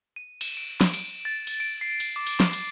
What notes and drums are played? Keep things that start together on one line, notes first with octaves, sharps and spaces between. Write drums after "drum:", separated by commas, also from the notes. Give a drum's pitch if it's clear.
D#7
E7, drum: cymbal
D7
drum: snare
D7, drum: cymbal
A6
drum: cymbal
D7
C7
drum: cymbal
D6
drum: cymbal
drum: snare
drum: cymbal